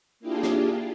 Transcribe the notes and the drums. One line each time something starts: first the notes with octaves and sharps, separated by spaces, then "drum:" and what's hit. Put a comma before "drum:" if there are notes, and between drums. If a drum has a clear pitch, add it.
A#3 D4 E4 F4 G4 G#4
drum: snare